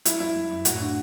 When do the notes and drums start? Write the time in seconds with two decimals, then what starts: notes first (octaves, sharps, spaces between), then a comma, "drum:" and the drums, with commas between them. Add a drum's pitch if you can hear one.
0.05 F#3 E4, drum: hi-hat
0.20 F#3 E4
0.36 F#3
0.50 F#2
0.65 A2 F#4, drum: hi-hat
0.80 D4